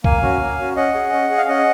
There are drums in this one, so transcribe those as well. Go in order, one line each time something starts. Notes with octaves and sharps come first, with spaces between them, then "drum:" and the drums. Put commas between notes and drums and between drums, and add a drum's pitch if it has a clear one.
A#3 F5 G#5, drum: kick B1
C#4 F#4
A#3
C#4 F#4
C#4 D#5 F#5
G#4
C#4
G#4
F5
C#4 D#5 F#5